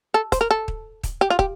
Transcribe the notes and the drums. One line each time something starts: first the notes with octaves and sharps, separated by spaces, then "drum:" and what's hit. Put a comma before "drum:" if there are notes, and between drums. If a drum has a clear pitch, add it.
A4
C5, drum: kick, hi-hat
A#4
A4
drum: kick
drum: kick, hi-hat
G4
F4
G4, drum: kick